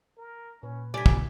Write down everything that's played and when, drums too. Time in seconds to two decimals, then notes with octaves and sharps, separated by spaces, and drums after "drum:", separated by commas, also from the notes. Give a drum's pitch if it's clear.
0.17 A#4
0.63 A#2 C#4 B4
0.94 G3 D4 G#5 D6 B6
1.06 drum: kick